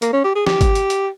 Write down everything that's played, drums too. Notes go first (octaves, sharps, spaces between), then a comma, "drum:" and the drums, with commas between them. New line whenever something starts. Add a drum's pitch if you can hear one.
A#3, drum: hi-hat
C#4
G4
G#4
G4, drum: snare
drum: kick, hi-hat
drum: hi-hat
drum: hi-hat